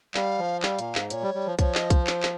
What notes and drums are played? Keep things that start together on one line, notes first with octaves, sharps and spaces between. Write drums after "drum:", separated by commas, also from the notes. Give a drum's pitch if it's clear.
G3 F5, drum: clap
F3
G3 F5, drum: clap
A#2, drum: hi-hat
G#2, drum: clap
A#2 C#5, drum: hi-hat
G3
G3
F3
F3 C#5, drum: kick B1, hi-hat
D#5, drum: clap
C5, drum: kick B1, hi-hat
C#5, drum: clap
C5
drum: clap